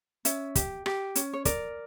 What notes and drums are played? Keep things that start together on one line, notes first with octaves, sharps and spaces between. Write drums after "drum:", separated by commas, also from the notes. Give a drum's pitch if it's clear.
C#4 E5, drum: hi-hat
G4, drum: kick, hi-hat
G4, drum: rim click
C#4, drum: hi-hat
C#5
A#4 D5, drum: kick, hi-hat